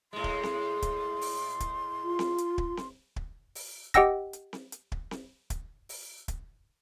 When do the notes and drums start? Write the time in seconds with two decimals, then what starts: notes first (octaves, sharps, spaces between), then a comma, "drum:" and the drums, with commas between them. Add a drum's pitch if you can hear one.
0.13 A2 G#3 C6
0.24 drum: kick
0.43 drum: snare C4
0.82 drum: kick, hi-hat
1.21 drum: open hi-hat
1.60 drum: kick, hi-hat
2.04 F4
2.19 drum: snare C4
2.38 drum: hi-hat
2.58 drum: kick
2.77 drum: snare C4
3.16 drum: kick
3.55 drum: open hi-hat
3.94 G4 D#5 F#5 G5 E6 A#6, drum: kick, hi-hat
4.33 drum: hi-hat
4.53 drum: snare C4
4.72 drum: hi-hat
4.92 drum: kick
5.11 drum: snare C4
5.50 drum: kick, hi-hat
5.89 drum: open hi-hat
6.28 drum: kick, hi-hat